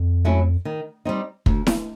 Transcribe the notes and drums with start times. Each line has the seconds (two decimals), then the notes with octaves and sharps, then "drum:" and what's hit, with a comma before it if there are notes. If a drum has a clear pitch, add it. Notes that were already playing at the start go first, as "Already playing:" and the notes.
Already playing: F2
0.25 F#3 A3 C#4 E4
0.65 D#3
1.05 G3 C4 D#4
1.46 D2, drum: kick
1.67 drum: snare E4